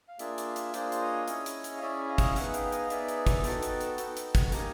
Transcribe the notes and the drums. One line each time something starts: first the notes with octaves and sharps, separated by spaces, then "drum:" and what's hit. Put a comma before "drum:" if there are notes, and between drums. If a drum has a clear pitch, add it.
F5
A#3 D4 F4 G#4 D5 E5, drum: hi-hat
drum: hi-hat
drum: hi-hat
A#3 D4 F4 G#4 C5 D5, drum: hi-hat
drum: hi-hat
C#5 D#5
C#4 E4 G#4, drum: hi-hat
drum: hi-hat
drum: hi-hat
F5
C#4 E4 G#4 D5 E5
D#5 F5
drum: kick, hi-hat
B3 D#4 G#4 E5 F#5, drum: hi-hat
F5 G5, drum: hi-hat
D#5 F5, drum: hi-hat
B3 D#4 G#4 D5 E5, drum: hi-hat
drum: hi-hat
drum: kick, hi-hat
B3 D#4 F#4 A4 G5 A5, drum: hi-hat
drum: hi-hat
drum: hi-hat
B3 D#4 F#4 A4, drum: hi-hat
drum: hi-hat
drum: kick, hi-hat
A#3 D#4 G4 G#5 A#5, drum: hi-hat